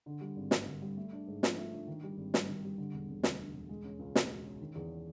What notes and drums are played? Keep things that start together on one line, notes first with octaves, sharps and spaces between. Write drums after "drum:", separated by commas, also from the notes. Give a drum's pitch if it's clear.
D3
G3
G#1
G2, drum: snare
D3
G3
A3
D4
G#2
F3, drum: snare
A3
D4
D#3
G3
G#1
G2, drum: snare
D#3
G3
D3
E1
E1
D2, drum: snare
D3
E1
G#3
C#4
C#2
B2, drum: snare
G#3
C#4
D#3
E2